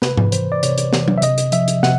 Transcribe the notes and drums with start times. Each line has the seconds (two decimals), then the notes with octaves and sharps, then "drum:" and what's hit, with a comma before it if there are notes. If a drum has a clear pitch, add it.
0.02 C3 B4, drum: snare
0.17 drum: tom G#2
0.32 E3 C5, drum: hi-hat
0.52 D5
0.63 C3 C#5, drum: hi-hat
0.78 drum: hi-hat
0.93 E3, drum: snare
1.08 drum: tom F#3
1.18 E5
1.22 C3 D#5, drum: hi-hat
1.38 drum: hi-hat
1.52 F3 E5, drum: hi-hat
1.68 drum: hi-hat
1.83 C3 F#5, drum: snare